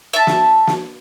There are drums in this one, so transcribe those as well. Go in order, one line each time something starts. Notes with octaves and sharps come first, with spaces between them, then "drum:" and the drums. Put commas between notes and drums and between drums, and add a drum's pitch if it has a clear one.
E5 A5
drum: snare
drum: snare